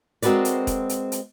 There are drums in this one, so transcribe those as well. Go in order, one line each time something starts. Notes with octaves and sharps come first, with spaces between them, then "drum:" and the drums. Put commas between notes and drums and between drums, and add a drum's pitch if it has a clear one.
G#3 C4 F#4 A#4 B4 D5, drum: hi-hat
drum: hi-hat
drum: kick E1, hi-hat
drum: hi-hat
drum: hi-hat